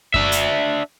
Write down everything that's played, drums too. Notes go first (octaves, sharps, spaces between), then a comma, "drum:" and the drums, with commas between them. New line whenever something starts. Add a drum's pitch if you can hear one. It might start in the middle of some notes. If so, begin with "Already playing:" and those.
D4 E5, drum: kick F#2
drum: hi-hat